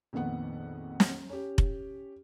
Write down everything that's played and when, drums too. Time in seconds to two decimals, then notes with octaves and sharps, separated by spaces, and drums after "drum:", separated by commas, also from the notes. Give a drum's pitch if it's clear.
0.13 A#1 F2 D#3 B3 F#5
1.00 drum: snare
1.29 C#4 G4
1.58 drum: kick F1